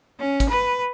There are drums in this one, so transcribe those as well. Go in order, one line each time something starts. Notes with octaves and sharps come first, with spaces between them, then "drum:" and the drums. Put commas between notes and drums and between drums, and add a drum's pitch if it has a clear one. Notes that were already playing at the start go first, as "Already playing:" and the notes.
C#4
drum: kick, hi-hat
B4